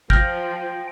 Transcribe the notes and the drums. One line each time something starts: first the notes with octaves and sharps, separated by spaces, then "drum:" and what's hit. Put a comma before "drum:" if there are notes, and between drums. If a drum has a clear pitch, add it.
F3 G5 F6 G6 A#6, drum: kick